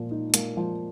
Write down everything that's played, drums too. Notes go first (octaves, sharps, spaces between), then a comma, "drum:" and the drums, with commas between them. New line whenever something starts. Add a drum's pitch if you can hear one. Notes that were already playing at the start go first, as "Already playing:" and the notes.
Already playing: A#2 F3 A#3
D#4
A#3, drum: hi-hat
F3